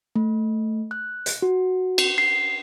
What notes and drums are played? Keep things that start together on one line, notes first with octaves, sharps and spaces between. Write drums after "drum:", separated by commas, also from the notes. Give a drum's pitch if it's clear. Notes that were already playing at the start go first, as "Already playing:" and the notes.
A3
F#6
drum: hi-hat
F#4
drum: cymbal
C7